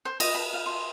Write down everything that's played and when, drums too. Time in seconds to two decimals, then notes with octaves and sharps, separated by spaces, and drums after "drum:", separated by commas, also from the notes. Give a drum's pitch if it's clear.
0.05 C5
0.20 D#5, drum: cymbal
0.35 B5
0.53 F5
0.66 C6